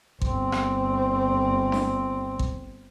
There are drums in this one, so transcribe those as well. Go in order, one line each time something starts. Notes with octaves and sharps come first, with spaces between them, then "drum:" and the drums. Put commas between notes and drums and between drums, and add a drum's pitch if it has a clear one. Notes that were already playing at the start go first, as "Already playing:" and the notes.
G1 C4, drum: kick G#1
drum: rim click
drum: snare D4
drum: kick G#1